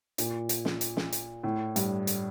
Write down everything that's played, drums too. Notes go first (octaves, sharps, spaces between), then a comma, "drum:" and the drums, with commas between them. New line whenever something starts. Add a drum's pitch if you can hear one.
A#2, drum: hi-hat
drum: hi-hat
drum: snare
drum: hi-hat
drum: snare
drum: hi-hat
A2
G2, drum: hi-hat
drum: hi-hat